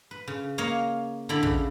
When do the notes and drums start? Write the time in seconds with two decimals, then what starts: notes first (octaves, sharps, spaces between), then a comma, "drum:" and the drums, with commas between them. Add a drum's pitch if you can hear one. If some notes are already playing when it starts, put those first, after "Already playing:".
0.11 B4
0.28 C#3
0.58 A#3 C#5 D#5 F5
1.29 D3 E4 D5 A#5 B5
1.43 C#3, drum: kick